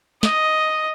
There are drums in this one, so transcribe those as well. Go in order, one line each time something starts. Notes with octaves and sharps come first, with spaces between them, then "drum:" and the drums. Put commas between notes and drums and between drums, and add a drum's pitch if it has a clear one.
D#5, drum: snare